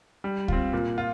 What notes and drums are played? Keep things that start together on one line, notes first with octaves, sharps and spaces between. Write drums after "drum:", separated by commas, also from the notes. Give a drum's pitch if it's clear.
G3
C4 F4, drum: kick C#2
A#2
F4